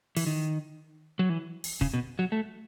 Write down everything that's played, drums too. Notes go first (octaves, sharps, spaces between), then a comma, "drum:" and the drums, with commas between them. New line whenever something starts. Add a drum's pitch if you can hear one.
E3, drum: open hi-hat
D#3
F#3
E3
drum: open hi-hat
C#3, drum: kick
B2
F#3
A3